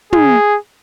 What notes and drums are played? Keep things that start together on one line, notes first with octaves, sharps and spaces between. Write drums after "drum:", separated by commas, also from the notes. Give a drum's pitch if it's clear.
G#4, drum: tom